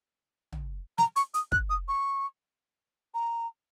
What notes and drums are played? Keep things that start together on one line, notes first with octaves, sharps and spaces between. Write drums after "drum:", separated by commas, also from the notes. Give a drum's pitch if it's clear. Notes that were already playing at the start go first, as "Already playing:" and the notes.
drum: tom
A#5, drum: snare
C#6, drum: hi-hat
D#6, drum: hi-hat
F#6, drum: kick
D#6
C#6
A#5